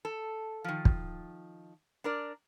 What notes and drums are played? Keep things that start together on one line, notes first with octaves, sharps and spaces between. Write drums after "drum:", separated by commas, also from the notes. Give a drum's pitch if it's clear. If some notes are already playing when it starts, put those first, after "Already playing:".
A4
D#3 F3
drum: kick
D4 A#4 D5